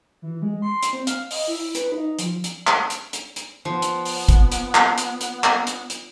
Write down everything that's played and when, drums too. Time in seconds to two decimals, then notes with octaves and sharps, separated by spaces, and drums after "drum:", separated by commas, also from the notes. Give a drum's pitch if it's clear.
0.22 E3
0.42 G#3
0.62 C6
0.83 drum: hi-hat
0.93 C4
1.07 F5, drum: hi-hat
1.31 D#5, drum: open hi-hat
1.48 E4
1.75 B4, drum: hi-hat
1.92 D#4
2.19 F3, drum: hi-hat
2.44 drum: hi-hat
2.67 drum: clap
2.90 drum: hi-hat
3.13 drum: hi-hat
3.36 drum: hi-hat
3.65 F3 B3
3.82 drum: hi-hat
4.05 drum: open hi-hat
4.28 drum: kick, hi-hat
4.52 drum: hi-hat
4.75 drum: clap
4.98 drum: hi-hat
5.21 drum: hi-hat
5.44 drum: clap
5.67 drum: hi-hat
5.90 drum: hi-hat